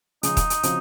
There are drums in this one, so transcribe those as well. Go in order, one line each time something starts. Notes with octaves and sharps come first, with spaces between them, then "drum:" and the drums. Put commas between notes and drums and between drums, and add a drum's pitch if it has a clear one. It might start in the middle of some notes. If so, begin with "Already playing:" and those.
C#3 F3 G#3 D#4, drum: hi-hat
drum: kick D#1, hi-hat
drum: hi-hat
C#3 F3 C4 F#4, drum: hi-hat